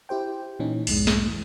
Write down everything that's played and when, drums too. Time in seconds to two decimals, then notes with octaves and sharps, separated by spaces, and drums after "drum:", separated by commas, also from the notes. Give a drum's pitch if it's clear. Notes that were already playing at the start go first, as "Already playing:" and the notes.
0.09 E4 G4 C5 G5
0.59 A#2 E3 C#4 D#4
0.87 B1 F2 G#2 B2 G#3, drum: open hi-hat
1.07 drum: snare
1.28 E3